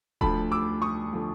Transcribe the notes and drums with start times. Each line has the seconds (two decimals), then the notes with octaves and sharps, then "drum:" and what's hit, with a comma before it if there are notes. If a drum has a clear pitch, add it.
0.21 D2 D3 F3 A5 B5, drum: kick D#1
0.51 D6 E6
0.82 C#6 D#6
1.13 D3 F3